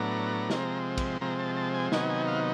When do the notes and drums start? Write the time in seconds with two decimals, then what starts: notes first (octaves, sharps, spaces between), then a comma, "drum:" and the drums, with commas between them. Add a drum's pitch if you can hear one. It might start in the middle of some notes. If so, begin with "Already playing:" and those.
Already playing: A2 F#3 B3 D4 A#5
0.50 C3 F3 G#3 C4, drum: snare
0.98 drum: kick, cymbal
1.21 C3 F3 G#3 C4 A#5
1.39 A5
1.57 A5
1.74 G#5
1.92 C3 D#3 F#3 B3 D#4 G#5, drum: snare
2.10 G#5
2.27 F5